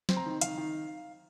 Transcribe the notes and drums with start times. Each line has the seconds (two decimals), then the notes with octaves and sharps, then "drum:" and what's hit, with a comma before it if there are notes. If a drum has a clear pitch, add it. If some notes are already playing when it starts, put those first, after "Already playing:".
0.09 C4, drum: snare
0.17 A#5
0.26 D#3
0.41 D#3 F5, drum: hi-hat
0.58 D#3